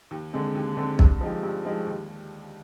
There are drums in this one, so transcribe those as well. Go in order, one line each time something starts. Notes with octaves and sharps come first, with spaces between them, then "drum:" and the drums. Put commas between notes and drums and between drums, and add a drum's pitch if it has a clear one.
D#2
D3 G#3 C4
D#2
D3 G#3 C4
G2, drum: kick
F3 G#3 D#4 G4
G2
F3 G#3 D#4 G4
D#2